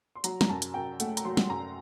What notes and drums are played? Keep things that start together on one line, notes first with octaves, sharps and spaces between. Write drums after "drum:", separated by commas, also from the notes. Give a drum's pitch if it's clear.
C6
F#3 A#5, drum: hi-hat
A#5, drum: snare
F#2 A5
drum: hi-hat
F#2 G5
A3 F#5, drum: hi-hat
A#5, drum: hi-hat
F#3 C6
drum: snare
F#2 A#5